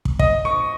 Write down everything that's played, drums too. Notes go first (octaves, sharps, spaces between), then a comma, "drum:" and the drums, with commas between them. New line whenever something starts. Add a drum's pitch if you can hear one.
drum: kick
D#5, drum: kick
C#6